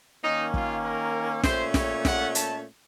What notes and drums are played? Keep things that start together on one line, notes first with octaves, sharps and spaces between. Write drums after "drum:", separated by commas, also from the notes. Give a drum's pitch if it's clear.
D#3 A#3 C#4 D#4
F4, drum: kick
A#4
A#2 A3 C#4 C5, drum: snare
C#5, drum: snare
F#5, drum: snare
A5, drum: hi-hat